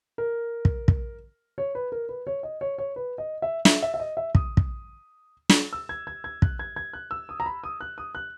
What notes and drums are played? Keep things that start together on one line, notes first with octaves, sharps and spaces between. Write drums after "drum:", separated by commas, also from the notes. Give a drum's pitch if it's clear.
A#4
drum: kick
drum: kick
C#5
B4
A#4
B4
C#5
D#5
C#5
C#5
B4
D#5
E5
E5, drum: snare
E5
E5
D#5
E5
D#6, drum: kick
drum: kick
drum: snare
E6
G#6
G#6
G#6
F#6, drum: kick
G#6
G#6
F#6
E6
D#6
A#5
B5
D#6
F#6
D#6
F#6